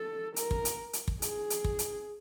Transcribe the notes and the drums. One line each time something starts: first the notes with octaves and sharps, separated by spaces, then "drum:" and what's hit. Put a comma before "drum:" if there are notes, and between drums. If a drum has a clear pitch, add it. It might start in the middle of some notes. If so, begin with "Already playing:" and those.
Already playing: A4
A#4, drum: hi-hat
drum: kick
drum: hi-hat
drum: hi-hat
drum: kick
G#4, drum: hi-hat
drum: hi-hat
drum: kick
drum: hi-hat